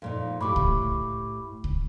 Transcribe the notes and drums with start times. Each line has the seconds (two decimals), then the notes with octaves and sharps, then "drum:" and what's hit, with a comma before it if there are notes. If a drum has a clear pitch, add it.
0.02 F2 A#2 D#4
0.41 A2 E4 G4 B5 C#6 D6
0.56 drum: kick C2
1.64 drum: kick C2